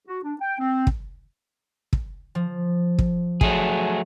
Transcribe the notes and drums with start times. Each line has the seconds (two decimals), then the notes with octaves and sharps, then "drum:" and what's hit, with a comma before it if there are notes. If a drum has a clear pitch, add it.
0.08 F#4
0.23 D4
0.41 G5
0.60 C4
0.87 drum: kick
1.93 drum: kick
2.35 F3
2.99 drum: kick
3.41 F#3 A3 G#4, drum: kick